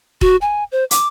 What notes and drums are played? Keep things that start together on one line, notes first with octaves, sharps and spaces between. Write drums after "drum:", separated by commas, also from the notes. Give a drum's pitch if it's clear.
F#4, drum: kick
G#5
C5
D6, drum: hi-hat